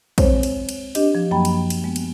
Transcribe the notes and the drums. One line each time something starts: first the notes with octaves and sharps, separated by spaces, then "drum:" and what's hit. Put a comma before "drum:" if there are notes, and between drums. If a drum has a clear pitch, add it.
G#3 C4 C5 C#5, drum: kick, cymbal
drum: cymbal
drum: cymbal
D4 G4 D#5, drum: cymbal
F3
F#2 F#3 A#3 G5 B5
drum: cymbal
drum: cymbal
G#3 B3
drum: cymbal